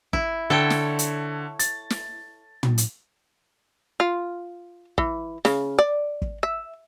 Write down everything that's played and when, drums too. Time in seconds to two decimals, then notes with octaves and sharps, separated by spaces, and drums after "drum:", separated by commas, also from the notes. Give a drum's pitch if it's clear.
0.13 E4, drum: kick
0.50 D3 A4 C#5 G5
0.70 drum: snare
0.99 drum: hi-hat
1.59 A6, drum: hi-hat
1.90 drum: snare
2.63 drum: tom
2.78 drum: hi-hat
4.00 F4
4.98 E3, drum: kick
5.45 C#3, drum: snare
5.79 D5
6.22 drum: kick
6.43 E5